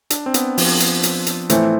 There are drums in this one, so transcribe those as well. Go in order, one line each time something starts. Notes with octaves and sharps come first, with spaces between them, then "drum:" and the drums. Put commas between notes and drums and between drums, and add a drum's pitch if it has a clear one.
D4, drum: hi-hat
C4
B3, drum: hi-hat
F3, drum: open hi-hat
drum: hi-hat
drum: hi-hat
drum: hi-hat
A2 E3 A3 C4, drum: hi-hat